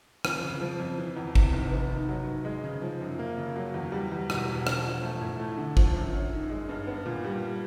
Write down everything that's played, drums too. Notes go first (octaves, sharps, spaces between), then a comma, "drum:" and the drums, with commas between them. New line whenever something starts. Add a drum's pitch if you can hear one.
F2, drum: rim click
C#3
F3
F2
E3
E2
C3, drum: kick G#1
F1
B3
D#3
F#3
G#2
G#3
C#3
F3
F#2
A#3
C#3
F#3
E2
G3
E2
B2, drum: rim click
E1
D4, drum: rim click
F3
A3
A2
A3
D3
F3, drum: kick G#1
F#2
C#4
D#3
G#3
G2
B3
A#2
G3